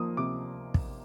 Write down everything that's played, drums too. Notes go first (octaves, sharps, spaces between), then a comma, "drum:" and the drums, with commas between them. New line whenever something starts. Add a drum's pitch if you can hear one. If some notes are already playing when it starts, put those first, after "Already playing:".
Already playing: F3 A#3 D#6
C3 D6
drum: kick